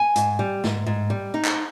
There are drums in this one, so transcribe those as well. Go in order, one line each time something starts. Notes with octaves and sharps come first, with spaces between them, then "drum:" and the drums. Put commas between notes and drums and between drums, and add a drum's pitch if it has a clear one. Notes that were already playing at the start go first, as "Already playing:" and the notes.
Already playing: G#5
G#2, drum: hi-hat
G3
G#2, drum: snare
G#2
G3
D#4
drum: clap